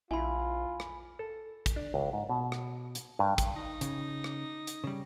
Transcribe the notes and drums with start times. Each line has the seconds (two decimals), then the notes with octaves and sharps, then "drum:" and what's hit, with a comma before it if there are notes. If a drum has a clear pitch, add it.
0.11 A#1 E4 F4 G#5 B5
0.80 drum: rim click
1.19 A4
1.66 drum: kick, hi-hat
1.76 D4
1.94 C#2
2.13 G#2
2.29 B2
2.52 drum: rim click
2.95 drum: hi-hat
3.19 G2
3.38 drum: kick, hi-hat
3.56 D#4
3.81 C#3, drum: hi-hat
4.24 drum: rim click
4.67 drum: hi-hat
4.84 C#3 G3